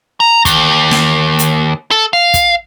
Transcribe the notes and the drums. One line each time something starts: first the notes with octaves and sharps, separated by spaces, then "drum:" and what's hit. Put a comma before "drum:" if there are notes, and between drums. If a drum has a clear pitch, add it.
A#5
D#2, drum: kick, hi-hat
drum: snare
drum: hi-hat
A4
F5
drum: kick, hi-hat